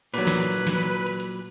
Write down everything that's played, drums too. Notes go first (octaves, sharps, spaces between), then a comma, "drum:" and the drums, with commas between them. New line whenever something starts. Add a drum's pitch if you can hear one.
A#2 F#3 B4, drum: open hi-hat
drum: snare
drum: hi-hat
drum: hi-hat
drum: snare
drum: hi-hat
drum: hi-hat